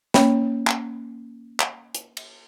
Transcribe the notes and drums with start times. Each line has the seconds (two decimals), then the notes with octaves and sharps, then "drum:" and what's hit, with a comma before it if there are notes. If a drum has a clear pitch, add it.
0.14 A#3 C#4 C#5 G5 B5, drum: snare
0.67 drum: clap
1.60 drum: clap
1.95 drum: hi-hat
2.17 drum: cymbal